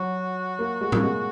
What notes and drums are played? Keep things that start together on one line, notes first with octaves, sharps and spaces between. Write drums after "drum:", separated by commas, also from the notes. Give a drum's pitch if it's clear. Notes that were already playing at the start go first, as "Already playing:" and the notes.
Already playing: F#3 F#4
A#3
G#3
A#3, drum: tom A2
G#3